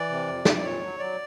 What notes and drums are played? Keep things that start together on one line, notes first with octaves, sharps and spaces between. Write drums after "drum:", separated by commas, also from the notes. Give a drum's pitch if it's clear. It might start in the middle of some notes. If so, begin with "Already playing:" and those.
Already playing: E3 D5
C3
F2
F2, drum: snare
A#2 C#5
F#3
F#3 D5